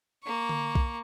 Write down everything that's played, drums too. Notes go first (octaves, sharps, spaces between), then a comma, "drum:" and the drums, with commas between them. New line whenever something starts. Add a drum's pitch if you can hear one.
A#3 C#6
drum: tom D3
drum: kick B1